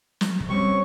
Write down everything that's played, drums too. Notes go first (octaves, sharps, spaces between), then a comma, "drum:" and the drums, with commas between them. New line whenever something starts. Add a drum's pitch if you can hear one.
drum: snare
drum: kick
G3 C4 C#4 C#6